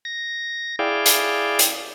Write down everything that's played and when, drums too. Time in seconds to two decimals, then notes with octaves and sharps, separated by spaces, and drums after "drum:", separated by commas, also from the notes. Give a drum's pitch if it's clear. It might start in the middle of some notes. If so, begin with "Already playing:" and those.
0.05 A#6
0.79 E4 G#4 D5 F5 G5
1.06 drum: hi-hat
1.59 drum: hi-hat